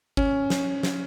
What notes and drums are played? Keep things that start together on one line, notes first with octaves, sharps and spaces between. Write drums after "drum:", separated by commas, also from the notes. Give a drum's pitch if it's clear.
C#4, drum: kick G1
drum: snare
drum: snare